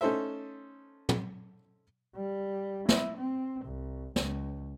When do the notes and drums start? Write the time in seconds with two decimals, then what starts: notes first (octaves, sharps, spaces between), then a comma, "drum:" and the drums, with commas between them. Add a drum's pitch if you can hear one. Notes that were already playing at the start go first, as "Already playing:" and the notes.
0.01 A3 C#4 D#4 A4 C5 E5
1.09 drum: tom
2.17 G3
2.89 E4, drum: snare
3.17 C4
3.65 C2
4.16 C#2, drum: snare